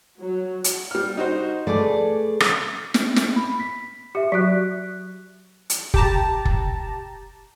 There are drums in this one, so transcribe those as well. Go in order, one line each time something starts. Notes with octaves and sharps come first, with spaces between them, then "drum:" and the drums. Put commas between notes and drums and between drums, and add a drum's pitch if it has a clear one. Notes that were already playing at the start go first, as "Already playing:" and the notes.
F#3
drum: hi-hat
G3 F6
D#4 F#4 C5
A3 G#4 B4 D5 D6
drum: rim click
drum: snare
drum: snare
B5
B6
G4 E5 C#7
F#3 F#4 F#6 B6
drum: hi-hat
G4 A5 A#5, drum: kick
drum: kick